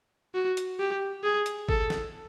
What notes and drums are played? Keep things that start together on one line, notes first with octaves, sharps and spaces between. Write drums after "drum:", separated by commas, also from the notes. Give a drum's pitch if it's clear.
F#4
drum: hi-hat
G4
G#4
drum: hi-hat
A4, drum: kick
drum: snare